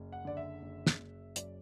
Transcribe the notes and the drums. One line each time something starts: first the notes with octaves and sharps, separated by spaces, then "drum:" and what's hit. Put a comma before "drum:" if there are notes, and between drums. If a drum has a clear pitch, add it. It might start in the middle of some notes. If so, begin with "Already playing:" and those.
Already playing: F#1
F#5
D3 D5
E5
F#1
drum: snare
F#1
F#2 D5, drum: hi-hat